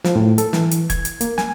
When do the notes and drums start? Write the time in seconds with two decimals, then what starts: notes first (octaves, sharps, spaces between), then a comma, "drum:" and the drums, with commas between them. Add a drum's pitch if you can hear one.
0.05 F3, drum: snare
0.16 A2
0.38 A4, drum: hi-hat
0.53 E3, drum: snare
0.71 drum: hi-hat
0.90 G#6, drum: kick E1, hi-hat
1.05 drum: hi-hat
1.21 A#3, drum: hi-hat
1.38 G#5, drum: snare